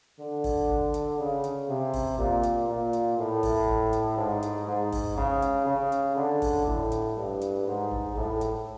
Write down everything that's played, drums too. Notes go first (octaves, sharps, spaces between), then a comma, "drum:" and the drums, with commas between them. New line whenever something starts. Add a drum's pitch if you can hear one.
D3
drum: kick G1, open hi-hat
drum: kick G1
drum: hi-hat
C#3
drum: hi-hat
C3
drum: kick G1, open hi-hat
A#2, drum: kick G1
drum: hi-hat
A#2
drum: hi-hat
A2
drum: kick G1, open hi-hat
drum: kick G1
drum: hi-hat
G#2
drum: hi-hat
G#2
drum: kick G1, open hi-hat
C#3, drum: kick G1
drum: hi-hat
C#3
drum: hi-hat
D3
drum: kick G1, open hi-hat
A2, drum: kick G1
drum: hi-hat
G2
drum: hi-hat
G#2
drum: kick G1
A2, drum: kick G1
drum: hi-hat